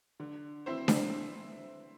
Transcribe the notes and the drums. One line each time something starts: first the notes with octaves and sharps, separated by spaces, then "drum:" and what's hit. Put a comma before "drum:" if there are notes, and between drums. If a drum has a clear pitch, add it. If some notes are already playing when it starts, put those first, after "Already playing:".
D3
C4 E4 C5
drum: snare D4